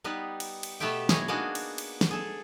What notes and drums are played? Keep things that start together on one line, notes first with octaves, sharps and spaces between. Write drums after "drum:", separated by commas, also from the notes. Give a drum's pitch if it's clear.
G3 B3 D#4 B4
drum: cymbal
drum: cymbal
B2 A3 B3 G4 E5 G5
E4 G#4 C#5 D#5, drum: snare
A#3 B3 D4 D#4 F#4 G#4
drum: cymbal
drum: cymbal
drum: snare
G#4 A4